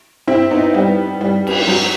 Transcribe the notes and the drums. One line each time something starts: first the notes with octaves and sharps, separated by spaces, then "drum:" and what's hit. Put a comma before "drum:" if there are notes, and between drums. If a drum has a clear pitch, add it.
C4 E4
B3 D#4
G3 B3
G3
drum: cymbal
F#3